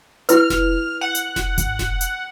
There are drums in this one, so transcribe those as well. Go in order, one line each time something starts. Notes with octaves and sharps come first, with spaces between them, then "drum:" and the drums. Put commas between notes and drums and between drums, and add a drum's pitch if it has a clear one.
E4 B4 F6, drum: hi-hat
drum: snare F1
F#5
drum: hi-hat
drum: snare F1
drum: kick G#1, hi-hat
drum: snare F1
drum: hi-hat